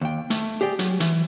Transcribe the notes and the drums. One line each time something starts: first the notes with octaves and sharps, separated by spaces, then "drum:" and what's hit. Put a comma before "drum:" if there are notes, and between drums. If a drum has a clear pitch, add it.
D#2 G5
A3, drum: hi-hat
G4 G#4 D5 G5
F#3, drum: hi-hat
E3, drum: hi-hat